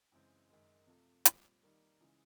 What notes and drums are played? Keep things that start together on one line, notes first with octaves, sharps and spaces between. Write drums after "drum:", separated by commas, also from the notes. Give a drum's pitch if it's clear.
F#2 C#3 E3 G#3 C4
F#2 D#3 G#3
C3 F3 A3
A#2 G3 C4, drum: hi-hat
D#3 G3 A#3 D#4
C#3 E3 G#3